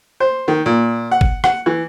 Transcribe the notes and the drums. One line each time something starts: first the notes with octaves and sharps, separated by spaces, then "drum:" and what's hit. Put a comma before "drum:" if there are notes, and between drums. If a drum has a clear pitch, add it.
C5
D#3
A#2
F#5
drum: kick
F#5, drum: rim click
E3